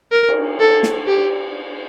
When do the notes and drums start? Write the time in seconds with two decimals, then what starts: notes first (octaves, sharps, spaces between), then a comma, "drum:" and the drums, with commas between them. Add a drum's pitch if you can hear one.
0.12 A#4
0.29 drum: cymbal
0.60 A4
0.83 drum: snare
1.07 G4